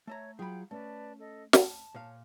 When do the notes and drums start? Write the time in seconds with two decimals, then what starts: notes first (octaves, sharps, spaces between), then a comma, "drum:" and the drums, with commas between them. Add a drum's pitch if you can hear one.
0.07 A3 C#5 E5 A#5
0.39 F#3 F4 G#4 G5 B5 G6
0.71 A3 C#4 B4 D5 A5
1.20 A4 D#5
1.53 A5, drum: snare
1.95 A#2 C#5 F5